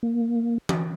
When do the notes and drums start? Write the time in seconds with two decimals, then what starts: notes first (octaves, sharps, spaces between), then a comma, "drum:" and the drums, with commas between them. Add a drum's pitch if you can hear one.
0.03 A#3
0.69 drum: tom E3